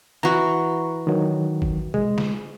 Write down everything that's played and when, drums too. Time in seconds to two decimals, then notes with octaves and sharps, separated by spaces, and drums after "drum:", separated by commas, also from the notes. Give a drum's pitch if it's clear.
0.23 E3 F#4 A#5 C#6
1.07 D#3 F#3
1.62 drum: kick
1.94 G#3, drum: tom B2
2.18 drum: snare